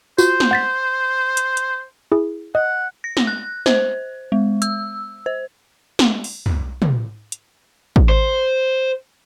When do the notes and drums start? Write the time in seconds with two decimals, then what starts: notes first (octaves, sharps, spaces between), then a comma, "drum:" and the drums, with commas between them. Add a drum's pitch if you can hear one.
0.18 F4 F#4 C5, drum: tambourine
0.40 drum: snare
0.51 F#5 A6 B6
1.37 drum: hi-hat
1.57 drum: hi-hat
2.12 E4 G#4
2.55 D#5 F#5
3.04 A#6
3.17 drum: snare
3.27 F#6
3.66 C5, drum: snare
4.32 G#3
4.62 E6, drum: hi-hat
5.26 C5
5.99 drum: snare
6.24 drum: open hi-hat
6.46 drum: tom
6.82 drum: tom
7.32 drum: hi-hat
7.96 drum: kick
8.09 C5